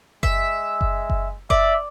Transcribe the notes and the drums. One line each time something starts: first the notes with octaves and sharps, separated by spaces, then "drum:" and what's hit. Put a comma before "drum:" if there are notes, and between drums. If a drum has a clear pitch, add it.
G#3 E5, drum: kick F#1
drum: kick F#1
drum: kick F#1
D5 E5, drum: kick F#1